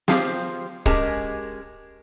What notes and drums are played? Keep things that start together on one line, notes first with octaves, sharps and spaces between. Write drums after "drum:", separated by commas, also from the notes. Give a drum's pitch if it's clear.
F3 C4 G4 G#4 F5 A5, drum: snare
G#3 C#4 G4 A#4 G#5 A5, drum: kick